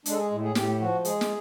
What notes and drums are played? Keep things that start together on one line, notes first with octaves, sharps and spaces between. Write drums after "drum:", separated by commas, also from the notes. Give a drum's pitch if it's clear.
G#3 D4, drum: hi-hat
A4
G#4
A2
G#4
A2 G4, drum: snare
F3 F#4
G#3 G#4, drum: hi-hat
drum: snare